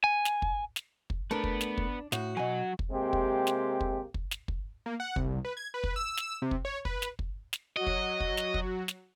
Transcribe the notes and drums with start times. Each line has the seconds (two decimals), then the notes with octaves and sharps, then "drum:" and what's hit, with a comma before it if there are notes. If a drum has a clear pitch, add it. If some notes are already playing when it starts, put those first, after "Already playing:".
0.04 G#5
0.25 drum: snare
0.42 drum: kick
0.76 drum: snare
1.10 drum: kick
1.31 A3 B3 D4 A#4 B4
1.44 drum: kick
1.61 drum: snare
1.78 drum: kick
2.12 A2 F#4, drum: snare
2.37 B2 F#3 F#5 G#5
2.79 drum: kick
2.91 C3 G#3 A#3 C4 G4
3.13 drum: kick
3.47 drum: snare
3.81 drum: kick
4.14 drum: kick
4.31 drum: snare
4.48 drum: kick
4.86 A#3
5.00 F#5
5.16 C2, drum: kick
5.45 B4
5.57 G#6
5.74 B4
5.84 drum: kick
5.96 E6
6.17 drum: snare
6.42 C3
6.51 drum: kick
6.65 C#5
6.85 B4, drum: kick
7.02 drum: snare
7.19 drum: kick
7.53 drum: snare
7.77 F#3 F#4 D#5
7.87 drum: kick
8.20 drum: kick
8.37 drum: snare
8.54 drum: kick
8.88 drum: snare